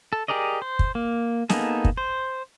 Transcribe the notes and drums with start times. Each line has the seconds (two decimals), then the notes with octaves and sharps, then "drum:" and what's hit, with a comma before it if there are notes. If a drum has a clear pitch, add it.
0.13 A4
0.28 G4 G#4 A#4 D5 D#5
0.62 C5
0.79 drum: kick
0.95 A#3
1.49 A#3 B3 D#4 G#4 A4, drum: snare
1.85 drum: kick
1.97 C5